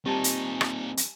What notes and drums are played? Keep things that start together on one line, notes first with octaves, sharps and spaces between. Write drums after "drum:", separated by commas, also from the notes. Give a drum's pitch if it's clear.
A#2 G3 C4 D#4 G#5 A5 C#6
drum: hi-hat
drum: rim click
drum: hi-hat